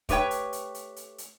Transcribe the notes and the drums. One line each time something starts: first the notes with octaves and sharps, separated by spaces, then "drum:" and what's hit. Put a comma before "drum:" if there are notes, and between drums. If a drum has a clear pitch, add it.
A3 G4 B4 C#5 G5, drum: kick, hi-hat
drum: hi-hat
drum: hi-hat
drum: hi-hat
drum: hi-hat
drum: hi-hat